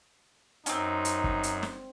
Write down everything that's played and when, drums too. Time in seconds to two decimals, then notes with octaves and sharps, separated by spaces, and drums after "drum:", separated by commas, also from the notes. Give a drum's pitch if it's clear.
0.66 F#2 C4 C#4 D#4, drum: hi-hat
1.05 drum: hi-hat
1.24 drum: kick
1.43 drum: hi-hat
1.63 drum: snare